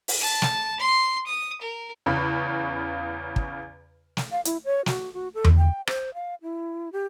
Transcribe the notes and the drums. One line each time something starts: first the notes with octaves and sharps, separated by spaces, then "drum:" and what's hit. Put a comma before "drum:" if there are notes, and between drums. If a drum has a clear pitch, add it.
drum: open hi-hat
A5
drum: snare
C6
D#6
A#4
E2 C#3 B5 C#6
drum: kick
drum: snare
F5
E4, drum: hi-hat
C#5
F#4, drum: snare
F#4
A4
drum: tom E2
G5
C5, drum: rim click
F5
E4
G4